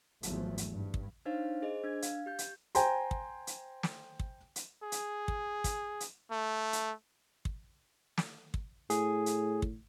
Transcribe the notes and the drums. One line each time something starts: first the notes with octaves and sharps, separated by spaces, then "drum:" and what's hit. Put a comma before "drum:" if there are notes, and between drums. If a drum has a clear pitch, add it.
G#1 E2 F3 F#3 A3, drum: hi-hat
drum: hi-hat
G2
drum: kick
D4 D#4 C5 C#5 F5
G#4 C5 D#5
D4 G#6
F5, drum: hi-hat
G4 G6
drum: hi-hat
C5 G5 G#5 A#5 C6, drum: hi-hat
drum: kick
drum: hi-hat
drum: snare
drum: kick
drum: hi-hat
G#4
drum: hi-hat
drum: kick
drum: kick, hi-hat
drum: hi-hat
A3
drum: hi-hat
drum: kick
drum: snare
drum: kick
A2 G#4, drum: hi-hat
drum: hi-hat
drum: kick